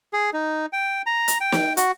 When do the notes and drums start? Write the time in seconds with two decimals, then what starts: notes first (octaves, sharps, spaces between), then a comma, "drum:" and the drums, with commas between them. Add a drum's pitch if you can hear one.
0.13 G#4
0.33 D#4
0.73 G5
1.06 A#5
1.28 drum: hi-hat
1.41 G5
1.52 drum: snare
1.77 F#4, drum: hi-hat